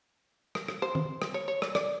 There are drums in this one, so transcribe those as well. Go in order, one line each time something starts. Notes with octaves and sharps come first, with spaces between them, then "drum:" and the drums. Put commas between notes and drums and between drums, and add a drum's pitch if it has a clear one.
drum: rim click
drum: rim click
C5
drum: tom
drum: rim click
C#5
C#5
D5, drum: rim click
D5, drum: rim click